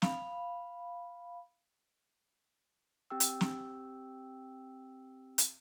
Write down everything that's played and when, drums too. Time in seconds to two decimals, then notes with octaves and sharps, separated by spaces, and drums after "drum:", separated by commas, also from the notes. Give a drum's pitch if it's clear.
0.02 F5 B5, drum: snare
3.10 C4 G4 G5 E6
3.20 drum: hi-hat
3.41 drum: snare
5.38 drum: hi-hat